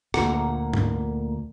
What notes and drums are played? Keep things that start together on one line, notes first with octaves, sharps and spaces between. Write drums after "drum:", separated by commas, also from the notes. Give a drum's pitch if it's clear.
D2 A#2 A3 A#3 F#5 A#5, drum: rim click
drum: tom G#2